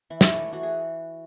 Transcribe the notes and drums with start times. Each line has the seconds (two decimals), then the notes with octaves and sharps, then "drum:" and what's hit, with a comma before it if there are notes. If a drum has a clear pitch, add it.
0.10 E3 E4
0.21 C#5, drum: snare
0.32 A3 D5
0.42 C#5
0.53 E3 F#4
0.63 G#4